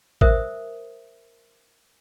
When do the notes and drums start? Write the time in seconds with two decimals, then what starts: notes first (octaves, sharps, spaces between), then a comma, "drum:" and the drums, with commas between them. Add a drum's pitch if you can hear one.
0.21 A#4 C5 E5 D#6, drum: kick